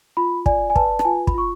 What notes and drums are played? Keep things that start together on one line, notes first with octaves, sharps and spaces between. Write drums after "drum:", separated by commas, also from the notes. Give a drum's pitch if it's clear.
F4 B5
D5 G#5, drum: kick
G#5
B4 A5, drum: kick
A5, drum: rim click
F4 G#5
B5, drum: kick
F4 C#6